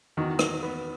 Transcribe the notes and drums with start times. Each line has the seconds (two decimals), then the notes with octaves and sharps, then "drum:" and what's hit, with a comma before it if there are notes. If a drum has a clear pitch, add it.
0.17 E2 D#3 F#4
0.39 drum: rim click
0.63 B3